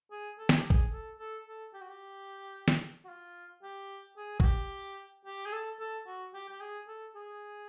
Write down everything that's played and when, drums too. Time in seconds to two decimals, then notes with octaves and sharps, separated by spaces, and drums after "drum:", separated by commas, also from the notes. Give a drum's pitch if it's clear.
0.11 G#4
0.38 A4
0.49 G#4, drum: snare
0.60 G4
0.70 G#4, drum: kick
0.92 A4
1.19 A4
1.47 A4
1.74 G4
1.81 F#4
1.89 G4
2.68 drum: snare
3.05 F#4
3.09 F4
3.63 G4
4.17 G#4
4.40 F#4, drum: kick
4.44 G4
5.25 G4
5.46 G#4
5.52 A4
5.80 A4
6.07 F#4
6.34 G4
6.49 G4
6.61 G#4
6.88 A4
7.15 G#4